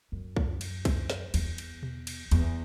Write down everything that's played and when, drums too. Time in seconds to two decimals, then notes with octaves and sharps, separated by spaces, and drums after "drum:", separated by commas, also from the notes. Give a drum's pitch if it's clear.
0.12 F#2
0.36 drum: kick B1
0.61 drum: cymbal
0.85 drum: kick B1, cymbal
1.10 drum: snare
1.34 E2, drum: cymbal
1.58 drum: cymbal
1.83 drum: tom B2
2.07 drum: cymbal
2.31 E2, drum: cymbal